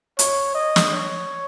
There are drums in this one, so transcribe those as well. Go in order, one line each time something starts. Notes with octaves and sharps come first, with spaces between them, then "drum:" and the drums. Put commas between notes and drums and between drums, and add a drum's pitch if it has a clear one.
C#5, drum: hi-hat
D#5
drum: snare
C#5